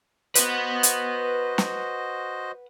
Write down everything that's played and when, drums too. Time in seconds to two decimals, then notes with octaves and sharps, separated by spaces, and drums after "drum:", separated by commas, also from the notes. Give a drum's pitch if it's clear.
0.35 F#4 B4 C5 D#5 F#5, drum: hi-hat
0.83 drum: hi-hat
1.58 drum: snare